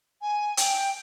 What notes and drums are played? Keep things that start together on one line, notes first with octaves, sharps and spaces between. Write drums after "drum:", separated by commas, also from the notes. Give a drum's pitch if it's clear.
G#5
G5, drum: hi-hat